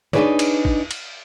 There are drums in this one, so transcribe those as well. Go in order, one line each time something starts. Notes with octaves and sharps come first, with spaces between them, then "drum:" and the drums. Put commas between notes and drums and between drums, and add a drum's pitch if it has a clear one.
D4 D#4 G#4 B4 C#5 D5, drum: snare
drum: cymbal
drum: kick
drum: cymbal